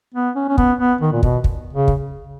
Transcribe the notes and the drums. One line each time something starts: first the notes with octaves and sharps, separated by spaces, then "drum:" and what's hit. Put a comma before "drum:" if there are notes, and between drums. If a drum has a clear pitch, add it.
B3
C#4
C#4
B3, drum: kick
B3
D#3
A#2
B2, drum: kick
drum: kick
C#3
drum: kick